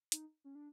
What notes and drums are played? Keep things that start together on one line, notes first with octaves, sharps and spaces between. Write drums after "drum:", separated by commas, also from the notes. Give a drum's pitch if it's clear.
D#4, drum: hi-hat
C#4
D4